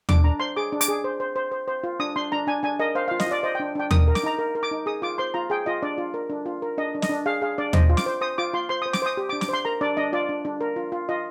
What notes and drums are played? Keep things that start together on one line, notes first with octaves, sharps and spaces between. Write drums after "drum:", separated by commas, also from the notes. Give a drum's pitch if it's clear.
D4 D6, drum: tom D#2
D4 A#5
C5 C6
G#4 D6
D4
D6, drum: hi-hat
G#4
C5
C5
C5
C5
C5
F4
D4 D#6
D4 C6
D4 A#5
D4 G#5
D4 G#5
A#4 D#5
C5 F5
F5
F4
D#5, drum: snare
F4 D5
C5 D#5
G5
D4
D4 G5
A#4 D#6, drum: tom D#2
A#4
D6, drum: snare
D#4 A#5
A#4
A#4
D6
D#4
G#4 D#6
F4 D6
C5 C6
F4 A#5
G#4 G5
F4 D#5
D4 D5
F4
A#4
D4
F4
A#4
D4 D#5
D4
D#5, drum: snare
D4
G#4 F5
G#4 F5
D4 D5
C5 D#5, drum: tom D#2
F4
D6, drum: snare
C5
C5 D#6
F4 D6
F4 C6
C5 C6
D#6
C5
D6, drum: snare
C5 D#6
G4
D6
D4
D6, drum: snare
C5 C6
A#4 A#5
D4 D5
D4 D#5
F4 D5
D4
D4
A#4
F4
F4
F4 D#5